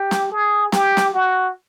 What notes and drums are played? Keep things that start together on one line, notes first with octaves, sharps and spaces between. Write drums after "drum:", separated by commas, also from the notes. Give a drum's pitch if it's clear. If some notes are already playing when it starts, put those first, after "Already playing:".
Already playing: G4
drum: snare
G#4
G4, drum: snare
drum: snare
F#4